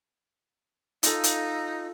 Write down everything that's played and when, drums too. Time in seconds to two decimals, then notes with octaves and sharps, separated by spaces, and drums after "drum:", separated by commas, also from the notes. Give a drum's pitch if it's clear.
1.03 D#4 F4 A4, drum: hi-hat
1.24 drum: hi-hat